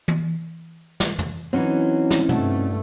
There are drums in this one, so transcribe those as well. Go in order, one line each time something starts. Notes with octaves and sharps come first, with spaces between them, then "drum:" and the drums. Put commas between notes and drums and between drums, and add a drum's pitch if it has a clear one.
drum: tom
drum: snare
drum: tom
E3 F#3 C4 C#4 D#4
drum: snare
G2 A3 D4 F#4 A4, drum: tom